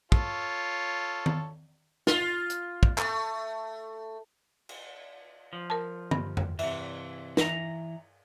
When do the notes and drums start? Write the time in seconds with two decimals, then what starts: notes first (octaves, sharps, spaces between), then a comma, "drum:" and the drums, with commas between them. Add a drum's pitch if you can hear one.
0.12 F4 A4 C#5, drum: kick
1.26 drum: tom D#3
2.07 F4, drum: snare
2.50 drum: hi-hat
2.83 drum: kick
2.98 A3, drum: clap
4.69 drum: cymbal
5.53 F3
5.70 A#4 A5
6.11 G2, drum: tom D3
6.37 drum: tom F2
6.59 C3 E3 E5, drum: cymbal
7.37 E3 A#5, drum: snare